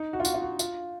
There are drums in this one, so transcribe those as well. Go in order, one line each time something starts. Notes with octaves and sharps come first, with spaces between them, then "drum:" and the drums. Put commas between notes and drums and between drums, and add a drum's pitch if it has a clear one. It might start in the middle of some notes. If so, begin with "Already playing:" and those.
Already playing: D#4
F#4
F4
F#4, drum: tambourine
F4
F#4
F4, drum: tambourine